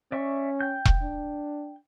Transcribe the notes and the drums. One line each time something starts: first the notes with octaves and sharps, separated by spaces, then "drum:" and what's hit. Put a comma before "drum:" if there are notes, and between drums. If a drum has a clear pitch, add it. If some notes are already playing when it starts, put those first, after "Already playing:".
C#4 D5 E5 C#6
G5 G6
drum: kick E1
D4